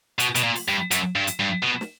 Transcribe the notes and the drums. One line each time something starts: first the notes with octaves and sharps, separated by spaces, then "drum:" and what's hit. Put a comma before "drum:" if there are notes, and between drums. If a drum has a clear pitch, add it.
B2, drum: hi-hat
B2, drum: hi-hat
A#2
drum: open hi-hat
G2
F#2, drum: hi-hat
G2
drum: hi-hat
G2
B2
drum: snare